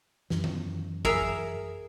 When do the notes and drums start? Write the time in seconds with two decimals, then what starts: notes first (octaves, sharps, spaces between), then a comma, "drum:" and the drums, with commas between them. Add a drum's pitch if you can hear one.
0.30 F#2 E3, drum: snare
0.44 drum: tom D#3
1.05 G#4 A#4 E5, drum: kick